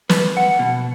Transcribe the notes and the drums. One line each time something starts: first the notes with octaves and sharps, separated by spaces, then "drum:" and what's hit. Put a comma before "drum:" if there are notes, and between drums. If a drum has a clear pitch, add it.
B4, drum: snare
F#5
B2